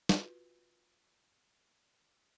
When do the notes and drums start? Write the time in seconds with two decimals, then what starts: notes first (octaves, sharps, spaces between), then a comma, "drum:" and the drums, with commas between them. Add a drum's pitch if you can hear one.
0.09 F4 F#4 B4, drum: snare